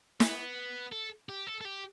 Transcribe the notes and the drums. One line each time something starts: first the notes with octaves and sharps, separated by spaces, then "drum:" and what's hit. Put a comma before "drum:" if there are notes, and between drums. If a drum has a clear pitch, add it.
B3, drum: snare
A4
G4
A4
A4
G4